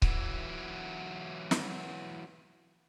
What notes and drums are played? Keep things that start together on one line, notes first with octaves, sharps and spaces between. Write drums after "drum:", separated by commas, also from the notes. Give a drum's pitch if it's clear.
E3 F#3, drum: kick C#1
drum: snare